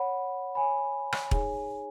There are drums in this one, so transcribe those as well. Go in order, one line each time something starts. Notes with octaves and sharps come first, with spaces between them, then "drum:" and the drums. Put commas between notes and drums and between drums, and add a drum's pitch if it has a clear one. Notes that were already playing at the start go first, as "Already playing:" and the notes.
Already playing: C#5 F#5 B5
C#5 G#5 B5
drum: rim click
D#4 G#4 C#5 G#5, drum: kick